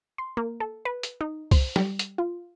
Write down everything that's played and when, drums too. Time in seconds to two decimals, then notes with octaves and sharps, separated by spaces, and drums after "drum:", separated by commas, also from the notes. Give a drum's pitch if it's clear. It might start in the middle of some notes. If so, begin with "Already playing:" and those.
0.18 C6
0.37 A#3
0.60 A4
0.85 B4
1.03 drum: hi-hat
1.21 D#4
1.51 C5, drum: kick C2, open hi-hat
1.76 G3, drum: snare
1.99 drum: hi-hat
2.18 F4